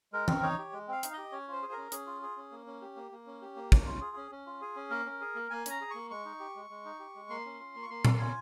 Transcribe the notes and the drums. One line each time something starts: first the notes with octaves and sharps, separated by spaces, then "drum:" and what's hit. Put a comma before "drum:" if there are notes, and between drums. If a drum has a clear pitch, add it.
G#3 A#4
C4, drum: tom E3
D#4 C#5
G4
G#3
C4 F5
D#4, drum: hi-hat
G4 D#5
C#4 C#5
F4 C5
G#4
C#4 A#4
C#4 G#4, drum: hi-hat
F4
G#4
C#4
A#3
C#4
G4
A#3
A#3
C#4
G4
A#3
C#4, drum: kick
F4
G#4
C#4
C#4
F4
G#4
C#4
A#3 A#4
C#4
G#4
A#3
A#3 G#5
C#4 A#5, drum: hi-hat
G#4
A#3 C#6
G#3 C#6
D#4
G4
G#3
G#3
D#4
G4
G#3
A#3 C6
C#4
F4
A#3
C#6
A#3 C6
C#4, drum: tom A#2
F4 G#5